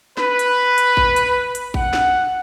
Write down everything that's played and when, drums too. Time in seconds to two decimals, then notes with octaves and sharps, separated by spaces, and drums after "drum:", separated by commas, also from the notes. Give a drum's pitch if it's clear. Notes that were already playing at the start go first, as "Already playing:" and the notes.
0.17 B4, drum: snare
0.39 drum: hi-hat
0.78 drum: hi-hat
0.97 drum: kick A1
1.16 drum: hi-hat
1.55 drum: hi-hat
1.74 F#5, drum: kick A1
1.93 drum: snare